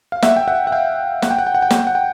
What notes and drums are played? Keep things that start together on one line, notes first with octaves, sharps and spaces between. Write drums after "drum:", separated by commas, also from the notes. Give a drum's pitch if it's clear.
F5
E5 F#5, drum: snare
G5
E5 F#5
F#5
F5 G5
F#5, drum: snare
G5
F#5
G5
F#5
G5
F#5, drum: snare
G5
F#5
G5